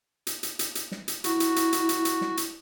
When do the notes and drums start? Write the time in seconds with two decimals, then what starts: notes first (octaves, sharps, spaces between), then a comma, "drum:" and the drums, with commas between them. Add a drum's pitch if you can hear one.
0.27 drum: hi-hat
0.43 drum: hi-hat
0.59 drum: hi-hat
0.75 drum: hi-hat
0.91 drum: snare
1.08 drum: hi-hat
1.24 E4 F#4, drum: hi-hat
1.40 drum: hi-hat
1.56 drum: hi-hat
1.73 drum: hi-hat
1.89 drum: hi-hat
2.05 drum: hi-hat
2.21 drum: snare
2.37 drum: hi-hat